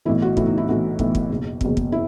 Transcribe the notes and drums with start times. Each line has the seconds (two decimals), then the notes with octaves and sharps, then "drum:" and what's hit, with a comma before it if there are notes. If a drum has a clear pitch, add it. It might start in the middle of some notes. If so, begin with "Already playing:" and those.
0.05 B1 A2 E3 E4
0.22 F#4
0.37 B1 A2 E3 E4, drum: kick
0.47 D#4
0.58 E4
0.68 B1 A2 E3 F#4
0.99 B1 A2 E3, drum: kick
1.15 drum: kick
1.30 F#1 E2 B2
1.61 F#1 E2 B2, drum: kick
1.77 drum: kick
1.92 E4